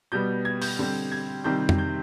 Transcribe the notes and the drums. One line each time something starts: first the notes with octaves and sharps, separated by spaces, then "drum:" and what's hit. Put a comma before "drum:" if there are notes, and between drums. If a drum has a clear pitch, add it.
B2 G3 B3 G6
G#6
G6, drum: open hi-hat
D3 G3 C4
G#6
C3 D#3 G3 C4 G6
drum: tom F2
G6